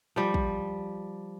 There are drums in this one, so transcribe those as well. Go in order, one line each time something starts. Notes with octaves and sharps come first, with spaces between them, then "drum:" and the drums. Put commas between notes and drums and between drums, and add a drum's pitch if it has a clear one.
F3 G3
drum: kick